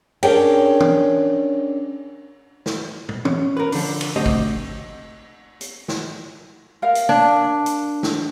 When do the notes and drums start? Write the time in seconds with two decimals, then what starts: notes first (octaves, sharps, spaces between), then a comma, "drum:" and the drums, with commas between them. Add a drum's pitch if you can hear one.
0.23 C#4 D4 G#4 A#4 C#5 G5, drum: cymbal
0.80 drum: tom
2.66 drum: snare
3.09 drum: tom
3.25 C#4, drum: tom
3.57 A#4 B4
3.72 D3 F3, drum: open hi-hat
4.01 drum: cymbal
4.16 D2 A3 C4 G4 D#5
4.26 drum: kick
5.61 drum: hi-hat
5.88 drum: snare
6.82 A#4 F5
6.95 drum: hi-hat
7.09 D4
7.66 drum: hi-hat
8.03 drum: snare